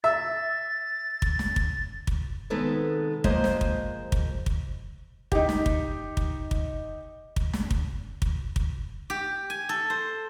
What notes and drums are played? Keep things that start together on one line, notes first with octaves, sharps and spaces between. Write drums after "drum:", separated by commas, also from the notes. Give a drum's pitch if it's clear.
E5 A6
drum: kick
drum: snare
drum: kick
drum: kick
C3 D#3 G#3 B3 A4 B4
F3 G#3 A#3 C5 D#5, drum: kick
drum: snare
drum: kick
drum: kick
drum: kick
D#4 G4, drum: kick
drum: snare
drum: kick
drum: kick
drum: kick
drum: kick
drum: snare
drum: kick
drum: kick
drum: kick
G4
G#5
A4
C5